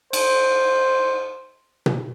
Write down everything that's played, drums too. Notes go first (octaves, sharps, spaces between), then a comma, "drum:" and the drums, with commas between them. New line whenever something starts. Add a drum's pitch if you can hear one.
C5, drum: cymbal
drum: tom B2